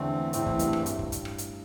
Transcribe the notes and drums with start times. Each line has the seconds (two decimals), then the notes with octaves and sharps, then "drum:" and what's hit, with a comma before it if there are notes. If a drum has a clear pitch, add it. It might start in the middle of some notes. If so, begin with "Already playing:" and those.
Already playing: E2 D3 E3 A3 C4
0.33 E2 A2 E3 A3 C4, drum: hi-hat
0.46 A2, drum: kick
0.59 G2, drum: kick, hi-hat
0.73 A2, drum: rim click
0.86 drum: hi-hat
0.99 drum: kick
1.12 drum: kick, hi-hat
1.25 drum: rim click
1.38 drum: hi-hat